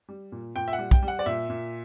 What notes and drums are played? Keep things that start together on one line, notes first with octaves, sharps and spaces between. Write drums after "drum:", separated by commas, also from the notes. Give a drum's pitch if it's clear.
G3
A#2
A#2 G5
E5
F#5
G3
G5, drum: kick
G3
F#5
D5
A#2 E5
A#2